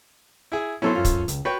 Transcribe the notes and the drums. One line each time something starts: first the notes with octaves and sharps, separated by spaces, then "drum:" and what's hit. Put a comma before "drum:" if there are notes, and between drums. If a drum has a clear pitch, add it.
E4 G#4
F#3 B3 C#4 E4 A4 C5
F#2 F4
drum: kick, hi-hat
C#2, drum: hi-hat
F#4 B4 C#5 G5